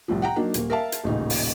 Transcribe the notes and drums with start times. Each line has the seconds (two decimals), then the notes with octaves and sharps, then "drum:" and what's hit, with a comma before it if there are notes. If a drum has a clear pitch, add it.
0.08 C2 A2 F3
0.22 F#5 G5 A#5
0.36 F#3 A#3 D4 D#4
0.54 D#1 A#3, drum: hi-hat
0.70 A#4 E5 F5 A5
0.92 drum: hi-hat
1.04 D#1 A1 A#2 C#3 D#4
1.30 drum: open hi-hat